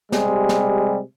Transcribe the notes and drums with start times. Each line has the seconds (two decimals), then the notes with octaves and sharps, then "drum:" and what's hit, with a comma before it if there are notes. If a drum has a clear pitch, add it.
0.12 C3 G3 G#3, drum: snare
0.49 drum: snare